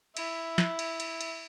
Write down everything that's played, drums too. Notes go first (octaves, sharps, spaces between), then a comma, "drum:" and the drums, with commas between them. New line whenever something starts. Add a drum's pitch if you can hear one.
E4, drum: cymbal
drum: snare
drum: cymbal
drum: cymbal
drum: cymbal